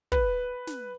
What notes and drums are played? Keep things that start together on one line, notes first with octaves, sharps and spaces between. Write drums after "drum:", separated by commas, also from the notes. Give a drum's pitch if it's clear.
B4, drum: kick
drum: snare